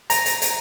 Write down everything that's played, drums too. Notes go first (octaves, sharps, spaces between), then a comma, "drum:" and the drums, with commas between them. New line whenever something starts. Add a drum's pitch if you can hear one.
A#5, drum: hi-hat
drum: hi-hat
drum: hi-hat